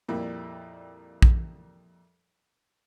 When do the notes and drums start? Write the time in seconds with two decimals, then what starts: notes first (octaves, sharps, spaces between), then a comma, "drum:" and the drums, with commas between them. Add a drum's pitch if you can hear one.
0.08 F2 A#2 G3 A#3 E4
1.22 drum: kick A#1